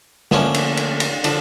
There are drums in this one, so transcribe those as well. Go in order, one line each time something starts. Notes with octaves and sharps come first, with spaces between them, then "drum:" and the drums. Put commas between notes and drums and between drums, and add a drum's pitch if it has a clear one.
D2 D3 F3 A#3 C#4, drum: snare
drum: cymbal
drum: cymbal
drum: cymbal
D3 F3, drum: cymbal